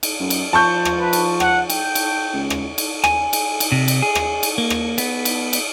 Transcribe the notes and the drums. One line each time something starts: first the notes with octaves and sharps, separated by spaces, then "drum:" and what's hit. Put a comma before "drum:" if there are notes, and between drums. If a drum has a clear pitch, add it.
drum: cymbal
F#2
drum: cymbal
F3 A5 C#6 G6
drum: rim click
B4
drum: cymbal
F#5, drum: rim click
G5, drum: cymbal
drum: cymbal
C#2
drum: rim click
drum: cymbal
G#5, drum: rim click
drum: cymbal
drum: cymbal
C3
drum: cymbal
G#4
drum: rim click
drum: cymbal
A#3
drum: rim click
B3, drum: cymbal
drum: cymbal
drum: cymbal